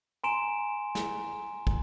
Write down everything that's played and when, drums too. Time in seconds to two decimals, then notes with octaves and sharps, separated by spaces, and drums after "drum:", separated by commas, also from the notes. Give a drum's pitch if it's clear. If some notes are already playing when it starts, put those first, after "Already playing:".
0.24 G#5 A#5 C6 D7 E7
0.95 drum: snare
1.67 drum: kick